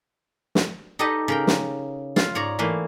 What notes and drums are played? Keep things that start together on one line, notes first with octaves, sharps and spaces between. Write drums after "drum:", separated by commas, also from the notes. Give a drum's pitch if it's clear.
drum: snare
D#4 G4 A4 B4 D#5 A5
C#3 A#4 G5
drum: snare
F4, drum: snare
G#2 C#5 D5 A#5
E3 A3 A#3 B4 C5